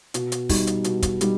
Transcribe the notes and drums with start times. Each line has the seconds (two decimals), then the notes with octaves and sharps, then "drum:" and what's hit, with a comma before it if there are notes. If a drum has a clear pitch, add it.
0.14 B2, drum: hi-hat
0.32 drum: hi-hat
0.49 G3 D#4, drum: kick, open hi-hat
0.67 drum: hi-hat
0.84 B2, drum: hi-hat
1.02 drum: kick, hi-hat
1.21 G3 D#4, drum: hi-hat